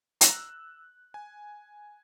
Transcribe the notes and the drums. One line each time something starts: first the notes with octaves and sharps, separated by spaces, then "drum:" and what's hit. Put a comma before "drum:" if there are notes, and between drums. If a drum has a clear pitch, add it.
A#5 E6 F#6, drum: hi-hat
G#5